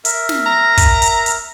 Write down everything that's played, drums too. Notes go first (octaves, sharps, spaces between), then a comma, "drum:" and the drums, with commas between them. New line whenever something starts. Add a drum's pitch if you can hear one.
A#4 E5, drum: hi-hat
drum: snare
A#5
drum: kick, hi-hat
drum: hi-hat
drum: hi-hat